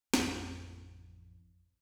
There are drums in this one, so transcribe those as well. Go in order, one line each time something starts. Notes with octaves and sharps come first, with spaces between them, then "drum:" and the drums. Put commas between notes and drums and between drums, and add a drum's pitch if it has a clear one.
A1 F2, drum: snare